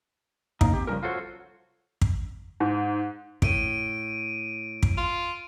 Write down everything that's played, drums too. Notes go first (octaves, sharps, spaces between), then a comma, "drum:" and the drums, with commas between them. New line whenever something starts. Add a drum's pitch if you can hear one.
C#3 A#3 D#4, drum: kick
C4 G4
C#3 F3 G3 C#4 G4 A#4
F4 F#4 A4 C5 C#5
drum: kick
G#2
A2 D7 D#7, drum: kick
drum: kick
F4